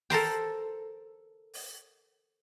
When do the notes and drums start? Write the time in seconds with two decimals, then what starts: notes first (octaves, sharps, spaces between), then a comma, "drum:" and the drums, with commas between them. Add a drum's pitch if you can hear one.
0.10 A4 A#4 C5 G5, drum: open hi-hat
1.54 drum: open hi-hat